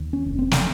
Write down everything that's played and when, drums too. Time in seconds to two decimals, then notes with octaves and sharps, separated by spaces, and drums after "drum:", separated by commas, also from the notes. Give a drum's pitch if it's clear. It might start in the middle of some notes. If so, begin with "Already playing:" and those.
Already playing: D#2
0.13 C#4
0.26 F1
0.39 C4
0.51 drum: snare